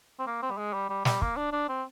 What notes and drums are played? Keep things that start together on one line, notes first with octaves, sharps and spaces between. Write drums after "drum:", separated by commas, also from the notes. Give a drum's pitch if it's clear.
C4
A#3
C4
G3
G#3
G3
G3
G3, drum: snare
A#3, drum: kick
D4
D4
C4